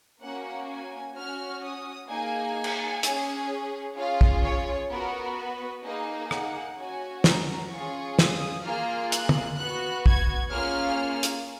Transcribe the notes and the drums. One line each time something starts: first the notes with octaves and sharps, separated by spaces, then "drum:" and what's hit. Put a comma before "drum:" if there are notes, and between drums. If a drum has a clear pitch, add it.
A#3 C#4 F#4 F#5
G#5
C#4 F#4 F6
D#6
A#3 D#4 G#4 G#5
drum: cymbal
C#4 G#4, drum: hi-hat
C#4 F4 G#4 F5
drum: kick
C#5
B3 F#4 A#4
B4
A#3 D#4 G#4 D#5
F#5, drum: rim click
C#4 F#4 G#5
A#5, drum: snare
C#4 F4 G#4 C#6
D#6, drum: snare
A#3 F4 G#4 F6
F#6, drum: hi-hat
drum: tom
B3 F#4 F#6
G#6, drum: kick
A#3 C#4 F4 G#4 F6
drum: hi-hat